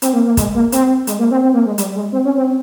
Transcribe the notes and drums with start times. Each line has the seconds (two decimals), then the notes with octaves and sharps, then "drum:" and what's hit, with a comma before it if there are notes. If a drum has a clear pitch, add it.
0.02 C4, drum: hi-hat
0.13 A#3
0.25 A#3
0.37 G#3, drum: kick, hi-hat
0.55 A#3
0.72 C4, drum: hi-hat
1.07 G#3, drum: hi-hat
1.19 A#3
1.31 C4
1.43 C4
1.54 A#3
1.66 G#3
1.78 G3, drum: hi-hat
1.95 G#3
2.12 C4
2.25 C#4
2.37 C4